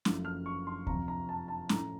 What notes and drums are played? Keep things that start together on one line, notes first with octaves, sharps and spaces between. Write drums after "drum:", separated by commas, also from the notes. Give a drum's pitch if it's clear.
F#1 F#2 F3 A3 C#4, drum: snare
F6
C#6
C6
F2 C3 F3 A#5, drum: kick D2
A#5
A5
A5
A2 F3 A3 C#4 A#5, drum: snare